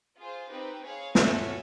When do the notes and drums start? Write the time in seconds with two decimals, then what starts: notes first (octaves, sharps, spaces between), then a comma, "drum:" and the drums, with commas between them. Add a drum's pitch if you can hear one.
0.17 F4 G#4 C5
0.50 C4 D#4 G4 B4
0.83 G#4 C#5 F5
1.15 F#4 A4 C#5 E5 G#5, drum: snare